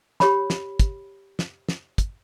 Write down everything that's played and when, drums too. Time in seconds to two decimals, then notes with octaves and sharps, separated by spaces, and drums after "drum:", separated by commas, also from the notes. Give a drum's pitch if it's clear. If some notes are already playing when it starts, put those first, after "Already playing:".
0.20 G4 C#5 B5, drum: snare
0.50 drum: snare
0.80 drum: kick, hi-hat
1.39 drum: snare
1.69 drum: snare
1.98 drum: kick, hi-hat